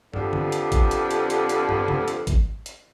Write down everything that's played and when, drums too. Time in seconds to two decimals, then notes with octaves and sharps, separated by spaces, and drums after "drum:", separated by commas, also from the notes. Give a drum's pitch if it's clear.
0.14 F2 D3 F3 B3 G4, drum: tom
0.33 drum: tom D3
0.52 drum: hi-hat
0.72 drum: kick G#1, hi-hat
0.91 drum: hi-hat
1.11 drum: hi-hat
1.30 drum: hi-hat
1.49 drum: hi-hat
1.69 drum: tom
1.88 drum: tom
2.08 drum: hi-hat
2.27 drum: kick G#1, hi-hat
2.66 drum: hi-hat